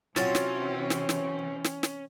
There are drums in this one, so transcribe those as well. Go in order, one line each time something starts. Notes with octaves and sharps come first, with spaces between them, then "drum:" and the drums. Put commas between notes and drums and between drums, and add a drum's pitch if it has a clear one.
C3 E3 F#3 C4 C#4 F4 C#5 A5, drum: snare
drum: snare
drum: snare
drum: snare
drum: snare
drum: snare